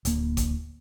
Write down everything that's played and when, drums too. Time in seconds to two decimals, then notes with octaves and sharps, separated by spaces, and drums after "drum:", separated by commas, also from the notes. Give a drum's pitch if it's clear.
0.05 D1 A#3, drum: hi-hat
0.37 drum: kick G#1, hi-hat